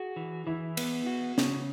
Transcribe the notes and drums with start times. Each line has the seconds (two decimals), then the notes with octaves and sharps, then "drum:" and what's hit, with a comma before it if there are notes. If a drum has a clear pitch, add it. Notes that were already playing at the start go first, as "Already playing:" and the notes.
Already playing: F#4 G#4
0.16 E3
0.47 E3 E4
0.77 B3, drum: cymbal
1.07 F#4
1.38 C#3, drum: snare